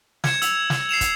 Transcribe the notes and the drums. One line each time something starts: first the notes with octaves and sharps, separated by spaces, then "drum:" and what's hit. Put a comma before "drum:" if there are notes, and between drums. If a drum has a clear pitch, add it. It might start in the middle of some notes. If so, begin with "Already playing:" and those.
G#6 C#7 E7, drum: snare
E6 F7, drum: hi-hat
drum: snare
C7 C#7 E7 F7
drum: kick, hi-hat